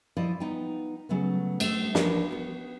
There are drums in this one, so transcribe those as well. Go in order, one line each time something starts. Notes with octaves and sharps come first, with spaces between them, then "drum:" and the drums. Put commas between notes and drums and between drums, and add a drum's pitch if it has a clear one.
F3 E4 D5 D#5
B3 D#4 F4 G5
C#3 F#3 A3 B3
A3 C5 E5, drum: cymbal
E3 F3 D4 A#4 C#5 F5, drum: snare
B3 F#4